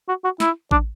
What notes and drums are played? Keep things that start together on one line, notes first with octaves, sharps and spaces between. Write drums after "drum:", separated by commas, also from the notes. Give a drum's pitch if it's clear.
F#4
F#4
E4, drum: snare
D4, drum: kick A1